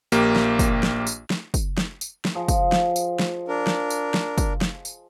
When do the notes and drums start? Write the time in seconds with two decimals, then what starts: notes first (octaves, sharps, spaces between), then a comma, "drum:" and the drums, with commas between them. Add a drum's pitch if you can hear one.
0.12 A#1 A#3 G4, drum: tambourine
0.36 drum: snare
0.59 drum: kick, tambourine
0.83 drum: snare
1.07 drum: tambourine
1.30 drum: snare
1.54 drum: kick, tambourine
1.78 drum: snare
2.01 drum: tambourine
2.25 drum: snare
2.35 F3 G#4 D#5
2.48 drum: kick, tambourine
2.72 drum: snare
2.96 drum: tambourine
3.19 drum: snare
3.48 D4 A#4
3.67 drum: snare
3.90 drum: tambourine
4.14 drum: snare
4.38 drum: kick, tambourine
4.61 drum: snare
4.85 drum: tambourine